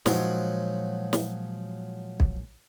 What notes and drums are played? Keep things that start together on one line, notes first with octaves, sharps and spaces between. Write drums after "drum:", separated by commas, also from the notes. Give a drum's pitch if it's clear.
A#2 F3 F#3 G#3 D#4, drum: snare
drum: snare
drum: kick B1